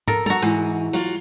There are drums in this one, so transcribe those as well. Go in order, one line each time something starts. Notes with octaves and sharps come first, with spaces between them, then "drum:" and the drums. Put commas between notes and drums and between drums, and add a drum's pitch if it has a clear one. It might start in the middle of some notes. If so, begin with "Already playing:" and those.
A4 A#4, drum: tom
F#4 A4 A#5, drum: tom
G#2 E3
F#3 F4